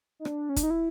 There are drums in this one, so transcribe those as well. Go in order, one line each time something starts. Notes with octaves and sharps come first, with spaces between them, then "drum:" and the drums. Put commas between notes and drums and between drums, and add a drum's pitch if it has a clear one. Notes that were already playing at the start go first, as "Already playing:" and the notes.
D#4
D4, drum: rim click
C#4
D4, drum: kick, hi-hat
D#4
E4